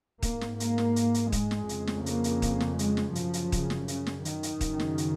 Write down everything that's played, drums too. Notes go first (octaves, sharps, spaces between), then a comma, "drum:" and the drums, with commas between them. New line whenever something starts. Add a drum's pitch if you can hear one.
G#2 A#3, drum: kick, hi-hat
drum: snare
A#3, drum: hi-hat
drum: snare
drum: hi-hat
drum: hi-hat
G#3, drum: kick, hi-hat
drum: snare
F2 C#3, drum: hi-hat
drum: snare
A#3, drum: hi-hat
drum: hi-hat
drum: kick, hi-hat
drum: snare
G#3, drum: hi-hat
drum: snare
F#2 C#3 F3, drum: hi-hat
drum: hi-hat
C#3, drum: kick, hi-hat
drum: snare
C#3, drum: hi-hat
drum: snare
D#3, drum: hi-hat
drum: hi-hat
F#2 C#3, drum: kick, hi-hat
drum: snare
drum: hi-hat